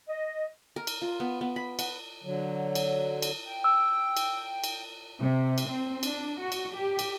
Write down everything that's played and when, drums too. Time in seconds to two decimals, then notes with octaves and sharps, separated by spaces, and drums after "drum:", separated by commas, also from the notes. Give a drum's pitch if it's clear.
0.08 D#5
0.76 A#4
0.87 drum: cymbal
1.02 F4
1.20 B3
1.41 B3
1.56 B5
1.79 F#5, drum: cymbal
2.24 D3 F#3
2.75 drum: cymbal
3.22 drum: cymbal
3.46 G5
3.64 E6
4.17 drum: cymbal
4.64 drum: cymbal
5.19 C3
5.58 drum: cymbal
5.68 C4
6.03 D4, drum: cymbal
6.39 F#4
6.52 drum: cymbal
6.74 G4
6.99 drum: cymbal